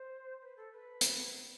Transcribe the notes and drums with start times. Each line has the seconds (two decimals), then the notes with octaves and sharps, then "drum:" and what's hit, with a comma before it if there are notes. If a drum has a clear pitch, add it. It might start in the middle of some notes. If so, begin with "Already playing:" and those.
Already playing: C5
0.40 B4
0.56 A4
0.71 B4
1.01 drum: hi-hat